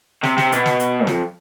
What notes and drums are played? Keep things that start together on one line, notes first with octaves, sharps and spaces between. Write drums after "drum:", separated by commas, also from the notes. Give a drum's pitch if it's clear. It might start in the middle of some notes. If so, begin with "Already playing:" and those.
C3, drum: snare
C3, drum: snare
B2, drum: hi-hat
drum: snare
drum: hi-hat
F2, drum: snare